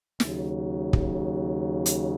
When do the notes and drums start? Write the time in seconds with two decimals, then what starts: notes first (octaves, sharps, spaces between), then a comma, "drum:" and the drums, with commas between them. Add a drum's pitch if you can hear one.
0.20 D#2 C#3 F#3, drum: snare
0.93 drum: kick
1.86 drum: hi-hat